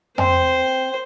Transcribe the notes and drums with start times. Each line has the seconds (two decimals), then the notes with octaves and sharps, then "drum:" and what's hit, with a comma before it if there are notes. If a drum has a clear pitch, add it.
0.18 C4 C5, drum: tom